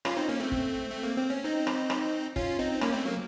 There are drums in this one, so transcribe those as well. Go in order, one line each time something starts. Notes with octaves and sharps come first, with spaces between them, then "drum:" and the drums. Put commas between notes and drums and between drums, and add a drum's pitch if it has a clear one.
C#4 F4, drum: rim click
C4 D#4
A#3 C#4
A3 C4
drum: kick
A3
A#3
C4
C#4
C4 D#4
drum: rim click
drum: rim click
C#4 F4, drum: kick
C4 D#4
A#3 C#4, drum: rim click
A3 C4
F#3 A#3